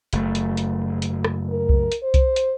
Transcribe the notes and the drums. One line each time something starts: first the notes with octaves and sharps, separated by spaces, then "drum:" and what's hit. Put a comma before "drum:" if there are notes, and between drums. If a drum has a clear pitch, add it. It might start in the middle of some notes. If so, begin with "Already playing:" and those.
F#1 A3, drum: hi-hat
drum: hi-hat
drum: hi-hat
drum: hi-hat
drum: rim click
A#4
drum: kick C2
drum: hi-hat
C5
drum: kick C2, hi-hat
drum: hi-hat